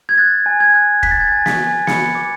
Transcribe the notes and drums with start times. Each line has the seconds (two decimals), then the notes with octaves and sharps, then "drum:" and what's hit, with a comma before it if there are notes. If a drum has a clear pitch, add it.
0.09 G#6
0.18 F#6 A6
0.46 G#5
0.60 G#6
0.74 F#6
1.03 F#6 B6, drum: kick
1.11 A6
1.20 G#6
1.28 G#5 A6
1.46 B6, drum: snare
1.60 G#5
1.87 B5 C#7, drum: snare
2.15 D6